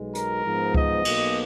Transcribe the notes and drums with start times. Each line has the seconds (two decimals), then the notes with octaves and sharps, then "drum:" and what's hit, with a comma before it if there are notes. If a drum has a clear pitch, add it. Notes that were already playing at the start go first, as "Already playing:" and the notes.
Already playing: B1 B2 G#3
0.15 A#4, drum: hi-hat
0.45 G#2 F3 G#3 B3 D#4
0.74 D#5, drum: kick C#2
1.05 B1 B2 A#3, drum: cymbal